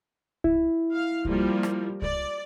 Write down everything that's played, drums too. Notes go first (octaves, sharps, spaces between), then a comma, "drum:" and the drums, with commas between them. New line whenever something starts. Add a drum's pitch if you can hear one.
E4, drum: kick C2
F5
F3 G3 A#3, drum: kick C2
drum: rim click
D5, drum: kick C2